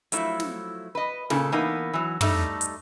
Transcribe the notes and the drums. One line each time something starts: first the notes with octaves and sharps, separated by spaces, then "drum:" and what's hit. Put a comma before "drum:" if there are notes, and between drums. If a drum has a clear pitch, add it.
F3 F#3 A3 E4, drum: hi-hat
drum: snare
B4 D#5
A#2 C#3 A4, drum: snare
E3 A#3 B3 D#4
E3 F#3
G3 A3 D#4 A4, drum: tom
drum: hi-hat